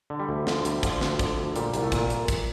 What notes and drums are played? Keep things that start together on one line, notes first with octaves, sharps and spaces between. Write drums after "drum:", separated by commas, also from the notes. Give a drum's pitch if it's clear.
D3
G3
D2
D3 F3, drum: snare
D2 G3, drum: hi-hat
D3 F3, drum: kick, hi-hat
D2, drum: snare
D3, drum: kick, hi-hat
D2
A#2 G3, drum: hi-hat
C2, drum: hi-hat
A3
A#2, drum: kick, hi-hat
drum: hi-hat
drum: kick, hi-hat